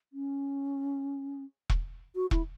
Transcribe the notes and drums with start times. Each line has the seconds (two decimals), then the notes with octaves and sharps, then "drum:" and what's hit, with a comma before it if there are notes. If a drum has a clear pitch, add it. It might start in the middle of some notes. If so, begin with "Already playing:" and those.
0.13 C#4
1.69 drum: kick E1
2.15 F#4
2.31 E4, drum: kick E1